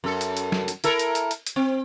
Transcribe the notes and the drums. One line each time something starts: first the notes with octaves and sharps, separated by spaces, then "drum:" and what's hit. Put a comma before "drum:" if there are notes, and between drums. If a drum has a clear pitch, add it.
F#2 A4
drum: hi-hat
drum: hi-hat
drum: snare
drum: hi-hat
E4 A4 A#4, drum: hi-hat
drum: hi-hat
drum: hi-hat
drum: hi-hat
drum: hi-hat
C4